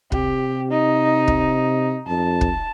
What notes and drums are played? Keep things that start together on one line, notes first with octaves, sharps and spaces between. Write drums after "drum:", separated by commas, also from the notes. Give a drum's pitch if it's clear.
C3 G4, drum: kick
D#4
drum: kick
F2 A5
drum: kick